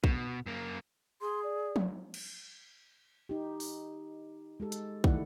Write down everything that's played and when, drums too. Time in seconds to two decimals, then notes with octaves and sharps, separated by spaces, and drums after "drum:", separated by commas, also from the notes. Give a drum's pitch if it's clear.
0.04 B2, drum: kick
0.46 F#2 A#3
1.20 G#4 C6
1.43 D5
1.76 drum: tom F3
2.14 drum: cymbal
3.29 D#4 G4
3.60 drum: open hi-hat
4.60 G#3 G4 A4
4.72 drum: hi-hat
5.04 D3 D#3 A3 E4 D5 F#5, drum: kick